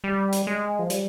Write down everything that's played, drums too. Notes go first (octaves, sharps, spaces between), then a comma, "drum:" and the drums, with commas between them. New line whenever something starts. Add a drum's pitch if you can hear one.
G3
drum: hi-hat
G#3
F3
G3, drum: hi-hat